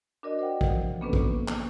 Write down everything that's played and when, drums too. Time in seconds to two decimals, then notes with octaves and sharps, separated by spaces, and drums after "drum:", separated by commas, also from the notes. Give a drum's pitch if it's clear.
0.23 D4 F#4 A#4 D5 D#5
0.39 A#4 C5 D5 F#5 G5
0.61 C3 E3 F3, drum: kick
1.01 A#3 B3 C#4 D4 A4 B4
1.13 drum: kick
1.48 drum: clap